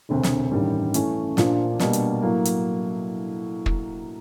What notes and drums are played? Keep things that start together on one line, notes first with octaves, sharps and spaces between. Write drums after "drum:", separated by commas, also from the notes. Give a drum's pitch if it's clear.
E1 D2 C3
drum: snare
A1 G2 D#3 G3
E3 A3 C#4, drum: hi-hat
A#1 A#2 F3 A#3 D4, drum: snare
B2 G3 A#3 D4, drum: snare
drum: hi-hat
A2 F#3 A#3
drum: hi-hat
drum: kick